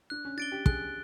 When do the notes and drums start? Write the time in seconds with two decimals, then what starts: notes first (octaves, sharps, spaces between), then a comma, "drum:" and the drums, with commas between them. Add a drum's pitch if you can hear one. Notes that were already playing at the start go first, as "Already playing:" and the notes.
0.10 D4 F#6
0.25 C#4
0.37 D4 A6 D7 G7
0.52 G4
0.66 G#4 F#6, drum: kick